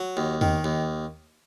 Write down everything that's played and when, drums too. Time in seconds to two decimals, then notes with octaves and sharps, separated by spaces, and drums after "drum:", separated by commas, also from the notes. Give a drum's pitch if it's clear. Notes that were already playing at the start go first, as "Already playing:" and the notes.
Already playing: F#3
0.17 D#2
0.41 D#3, drum: tom E2
0.64 D#2